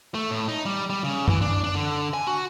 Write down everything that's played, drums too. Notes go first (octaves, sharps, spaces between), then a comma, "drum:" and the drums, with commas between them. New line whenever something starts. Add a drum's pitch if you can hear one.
A3
A2
D#4
G3
G3
C#3
E3, drum: tom F#2
D4
D4
D3
G#5
F#4